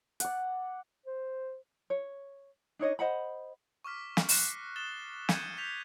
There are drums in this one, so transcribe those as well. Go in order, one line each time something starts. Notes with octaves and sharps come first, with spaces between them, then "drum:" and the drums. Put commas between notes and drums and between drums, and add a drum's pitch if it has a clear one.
D5 F#5, drum: hi-hat
C5
C#5
D4 D#4 C#5 D#5
C5 D#5 F#5 B5
C#6 D6 F6 B6
drum: snare
F#6 A#6 C7 C#7, drum: open hi-hat
D#6 A6 E7 G7
G6 G#6 C#7 D#7, drum: snare
G6 B6 F7